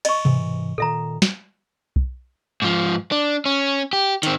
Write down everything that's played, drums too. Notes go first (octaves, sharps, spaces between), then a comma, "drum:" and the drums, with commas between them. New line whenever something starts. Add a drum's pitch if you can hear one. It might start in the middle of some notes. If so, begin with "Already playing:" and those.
D#5 C#6, drum: cymbal
G#2 C3 E3, drum: tom B2
A#2 D#3 A4 E5 A#5
drum: snare
drum: kick B1
G#2 F3
D4
C#4
G4
D#3 C4, drum: hi-hat